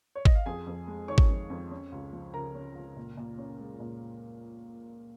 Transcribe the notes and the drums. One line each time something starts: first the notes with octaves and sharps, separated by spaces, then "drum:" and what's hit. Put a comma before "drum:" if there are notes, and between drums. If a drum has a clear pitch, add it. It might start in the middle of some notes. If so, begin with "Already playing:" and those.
C#5
D#5, drum: kick G#1
F5
F2 G#4 G#5
F2
G#3
D#3 C#5 C#6
drum: kick G#1
F2
F2
C#4
C#2
F3
C#3 A#4 A#5
C#4
C#2
A#2
A#2
C#4
G#3
A#2